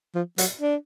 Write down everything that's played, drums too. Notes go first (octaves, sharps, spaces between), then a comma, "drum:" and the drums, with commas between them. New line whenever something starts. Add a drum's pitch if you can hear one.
F3
F#3, drum: hi-hat
D4